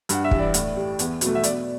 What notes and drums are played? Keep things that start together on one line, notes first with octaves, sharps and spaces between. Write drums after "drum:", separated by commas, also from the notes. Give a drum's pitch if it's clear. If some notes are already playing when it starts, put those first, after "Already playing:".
G2 F#5, drum: hi-hat
E5
E3 G3, drum: kick
D5
A2, drum: hi-hat
G3
E2, drum: hi-hat
B2 F#3 A3, drum: hi-hat
E5
B2 D5, drum: hi-hat